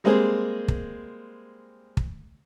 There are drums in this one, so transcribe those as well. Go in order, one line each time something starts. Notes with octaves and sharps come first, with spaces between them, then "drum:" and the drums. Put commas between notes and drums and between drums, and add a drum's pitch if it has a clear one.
G3 G#3 A#3 C4 G#4
drum: kick
drum: kick